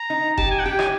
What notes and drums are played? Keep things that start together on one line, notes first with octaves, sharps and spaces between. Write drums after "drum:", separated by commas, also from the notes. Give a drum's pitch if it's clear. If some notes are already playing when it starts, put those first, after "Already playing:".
Already playing: A#5
D#4
G4 A5, drum: kick F1
G#5
F#5
G4 G5
G#5, drum: rim click